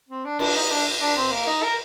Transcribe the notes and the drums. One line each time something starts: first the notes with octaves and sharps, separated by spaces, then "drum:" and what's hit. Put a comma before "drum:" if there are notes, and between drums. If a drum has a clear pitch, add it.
C4
D4
D4, drum: cymbal
D#4
D4
D4
C4
A#3
D#4
A#4